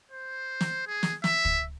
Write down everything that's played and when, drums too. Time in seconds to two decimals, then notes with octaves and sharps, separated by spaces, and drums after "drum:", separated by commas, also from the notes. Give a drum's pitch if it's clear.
0.12 C5
0.61 drum: snare
0.87 G#4
1.03 drum: snare
1.24 E5, drum: snare
1.45 drum: kick